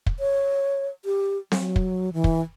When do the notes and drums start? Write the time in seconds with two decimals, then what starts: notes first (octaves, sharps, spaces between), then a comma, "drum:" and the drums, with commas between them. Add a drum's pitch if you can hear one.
0.06 drum: kick
0.20 C#5
1.05 G4
1.51 F#3, drum: snare C4
1.76 drum: kick
2.13 E3
2.24 drum: kick